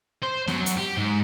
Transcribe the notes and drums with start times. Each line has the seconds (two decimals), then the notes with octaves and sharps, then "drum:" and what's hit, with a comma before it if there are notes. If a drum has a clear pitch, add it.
0.22 C5
0.47 F#2, drum: snare B3
0.66 drum: hi-hat
0.77 G4
0.96 G#2